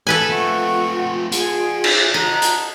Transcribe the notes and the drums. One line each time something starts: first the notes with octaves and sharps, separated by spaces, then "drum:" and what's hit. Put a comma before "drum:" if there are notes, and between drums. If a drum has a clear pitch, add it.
A4 B4 G#5
A3 C4 F4 F#5 C#6
G#4 F#5 A5, drum: hi-hat
drum: cymbal
D#5 A#5 F#6
drum: hi-hat